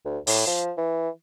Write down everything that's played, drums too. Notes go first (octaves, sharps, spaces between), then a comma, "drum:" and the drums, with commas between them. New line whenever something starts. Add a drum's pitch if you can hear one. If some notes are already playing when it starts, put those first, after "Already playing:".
D2
A2, drum: open hi-hat
F3
E3